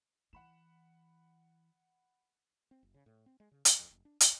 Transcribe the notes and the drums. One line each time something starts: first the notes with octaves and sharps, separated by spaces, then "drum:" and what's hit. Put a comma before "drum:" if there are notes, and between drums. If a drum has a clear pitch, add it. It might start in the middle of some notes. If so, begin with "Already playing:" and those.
E3 F#5 B5 E7
C4
F#1
C#3
A2
C4
G#3
C#3
E1, drum: hi-hat
F2
F1
D4
D#1, drum: hi-hat